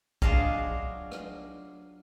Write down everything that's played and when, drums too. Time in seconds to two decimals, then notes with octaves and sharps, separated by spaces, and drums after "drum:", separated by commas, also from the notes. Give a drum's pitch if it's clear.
0.22 F#3 D4 F4 G#4 D#5 F5, drum: kick
1.12 drum: rim click